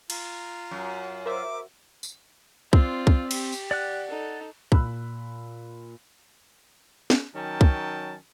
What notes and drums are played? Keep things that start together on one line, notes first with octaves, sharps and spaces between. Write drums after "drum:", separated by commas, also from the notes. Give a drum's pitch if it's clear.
F4 A#5, drum: cymbal
F#2
A#4 C5 E5 D6
drum: tambourine
C4 F4 D5, drum: kick
drum: kick
G4, drum: cymbal
drum: tambourine
D5 F#5 F#6
D#4 A4
A#2 B5 E6 F#6, drum: kick
drum: snare
D#3 F#3 C#4 G5 A5
drum: kick